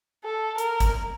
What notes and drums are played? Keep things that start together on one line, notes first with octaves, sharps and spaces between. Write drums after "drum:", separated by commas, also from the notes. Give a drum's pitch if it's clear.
A4
A#4, drum: hi-hat
drum: kick, hi-hat